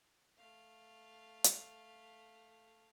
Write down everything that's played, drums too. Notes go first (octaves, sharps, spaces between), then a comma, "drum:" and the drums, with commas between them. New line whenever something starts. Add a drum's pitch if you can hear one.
A3 F5
drum: hi-hat